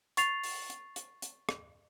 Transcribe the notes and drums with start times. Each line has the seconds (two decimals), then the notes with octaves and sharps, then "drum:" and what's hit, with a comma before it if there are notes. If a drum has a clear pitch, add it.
0.17 C#6 A6 C7 F7, drum: hi-hat
0.44 drum: open hi-hat
0.70 drum: hi-hat
0.96 drum: hi-hat
1.22 drum: hi-hat
1.49 drum: rim click